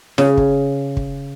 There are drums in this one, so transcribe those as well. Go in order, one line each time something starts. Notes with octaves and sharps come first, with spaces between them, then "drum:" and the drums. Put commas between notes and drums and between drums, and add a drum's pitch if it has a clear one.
C#3, drum: snare
drum: kick
drum: kick